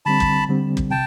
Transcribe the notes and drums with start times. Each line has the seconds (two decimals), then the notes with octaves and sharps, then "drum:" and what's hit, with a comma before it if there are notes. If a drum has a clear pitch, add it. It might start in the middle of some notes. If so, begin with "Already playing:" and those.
0.06 D3 G3 C4 A5 B5
0.20 drum: kick
0.49 D3 G3 C4
0.77 drum: kick
0.90 C3 G5 A5